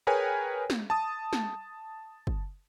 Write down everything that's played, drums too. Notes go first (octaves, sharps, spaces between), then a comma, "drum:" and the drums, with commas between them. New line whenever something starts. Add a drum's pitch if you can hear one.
G#4 A#4 B4 C#5 G5 G#5
drum: snare
A5 D#6
drum: snare
drum: kick